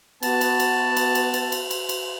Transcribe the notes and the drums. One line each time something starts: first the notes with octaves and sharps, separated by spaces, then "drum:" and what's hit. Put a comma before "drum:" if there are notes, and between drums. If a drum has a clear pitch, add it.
B3 F#4 A5, drum: cymbal
drum: cymbal
drum: cymbal
drum: cymbal
drum: cymbal
drum: cymbal
drum: cymbal
drum: cymbal
drum: cymbal